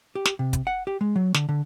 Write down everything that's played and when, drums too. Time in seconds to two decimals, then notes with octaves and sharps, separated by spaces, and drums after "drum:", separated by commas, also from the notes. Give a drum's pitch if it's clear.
0.15 G4
0.25 drum: snare
0.39 C3
0.53 drum: kick, hi-hat
0.67 F#5
0.87 G4
1.01 G#3
1.16 F#3
1.34 D3, drum: snare
1.49 D3